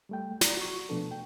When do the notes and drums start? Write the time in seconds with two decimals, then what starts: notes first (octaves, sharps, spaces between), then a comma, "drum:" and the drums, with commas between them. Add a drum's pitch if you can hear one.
0.09 G3 A3 G5
0.41 D5 A#5, drum: snare
0.57 F#4 C#6
0.89 B2 F3 A3 B3 D4 A4
1.11 G5